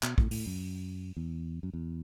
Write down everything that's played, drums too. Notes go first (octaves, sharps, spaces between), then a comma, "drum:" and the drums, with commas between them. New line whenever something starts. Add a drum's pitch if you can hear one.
B2, drum: clap
A2, drum: kick
A2, drum: open hi-hat
F#2
E2
F#2
E2